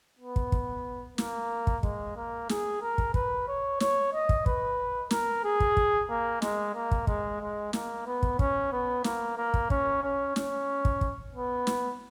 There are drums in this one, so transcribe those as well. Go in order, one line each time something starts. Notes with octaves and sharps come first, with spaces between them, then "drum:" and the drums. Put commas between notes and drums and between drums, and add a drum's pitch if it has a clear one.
B3
drum: kick
drum: kick
A#3, drum: snare
drum: kick
G#3, drum: kick
A#3
G#4, drum: snare
A#4
drum: kick
B4, drum: kick
C#5
C#5, drum: snare
D#5
drum: kick
B4, drum: kick
A#4, drum: snare
G#4
drum: kick
drum: kick
A#3
G#3, drum: snare
A#3
drum: kick
G#3, drum: kick
G#3
A#3, drum: snare
B3
drum: kick
C#4, drum: kick
B3
A#3, drum: snare
A#3
drum: kick
C#4, drum: kick
C#4
C#4, drum: snare
drum: kick
drum: kick
B3
drum: snare